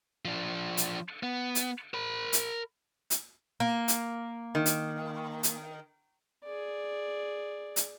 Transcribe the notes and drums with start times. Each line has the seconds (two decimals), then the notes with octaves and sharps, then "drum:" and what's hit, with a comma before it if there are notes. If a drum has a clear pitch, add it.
0.25 F3 D4
0.77 drum: hi-hat
1.23 B3
1.55 drum: hi-hat
1.94 A#4 B5
2.33 drum: hi-hat
3.10 drum: hi-hat
3.60 A#3
3.88 drum: hi-hat
4.55 D#3
4.66 drum: hi-hat
5.43 drum: hi-hat
6.44 G#4 D5
7.76 drum: hi-hat